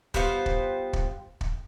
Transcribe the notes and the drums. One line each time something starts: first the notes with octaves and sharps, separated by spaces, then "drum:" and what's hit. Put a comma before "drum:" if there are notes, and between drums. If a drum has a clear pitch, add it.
G3 B3 F4 C5, drum: kick
drum: kick
drum: kick
drum: kick